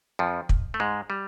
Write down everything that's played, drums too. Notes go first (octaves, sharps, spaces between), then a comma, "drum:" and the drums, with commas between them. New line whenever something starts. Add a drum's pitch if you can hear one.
F2 F3
drum: kick
A3
G#2 G#3
G3